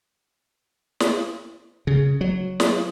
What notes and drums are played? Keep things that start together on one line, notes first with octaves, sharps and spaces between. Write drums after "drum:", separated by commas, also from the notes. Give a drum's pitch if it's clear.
drum: snare
C#3
F#3
drum: snare